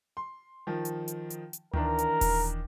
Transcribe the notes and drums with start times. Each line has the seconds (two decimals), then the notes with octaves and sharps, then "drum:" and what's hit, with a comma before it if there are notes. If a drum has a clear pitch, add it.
0.17 C6
0.67 D#3 F3
0.85 drum: hi-hat
1.08 drum: hi-hat
1.30 drum: hi-hat
1.53 drum: hi-hat
1.74 D#3 E3 D4 A#4, drum: tom D2
1.98 drum: hi-hat
2.21 drum: kick D#1, open hi-hat